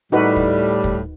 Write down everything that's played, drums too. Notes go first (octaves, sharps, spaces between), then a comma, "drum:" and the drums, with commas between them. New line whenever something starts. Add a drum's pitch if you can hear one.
A2 G3 D#4 F#4 B4
drum: kick
drum: kick